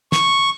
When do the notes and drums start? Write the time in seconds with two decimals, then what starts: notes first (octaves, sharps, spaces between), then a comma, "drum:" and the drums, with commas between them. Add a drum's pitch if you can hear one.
0.12 C#6, drum: snare